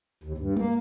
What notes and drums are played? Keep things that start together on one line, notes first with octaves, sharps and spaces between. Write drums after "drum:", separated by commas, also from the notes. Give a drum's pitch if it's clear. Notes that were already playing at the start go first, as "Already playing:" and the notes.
D#2
G2
A#3, drum: tom G3